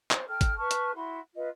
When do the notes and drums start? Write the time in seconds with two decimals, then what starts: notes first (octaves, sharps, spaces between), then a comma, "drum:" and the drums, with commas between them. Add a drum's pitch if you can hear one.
0.11 C5 C#5, drum: clap
0.28 A4 G5 F6
0.41 drum: kick, hi-hat
0.57 B4 A5 C#6 F6
0.71 drum: hi-hat
0.95 E4 F#4 B5 C6
1.34 F4 B4 D#5